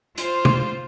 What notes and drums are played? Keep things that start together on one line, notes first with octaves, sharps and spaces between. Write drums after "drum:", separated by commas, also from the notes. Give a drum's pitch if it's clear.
F4 C5, drum: hi-hat
drum: tom C3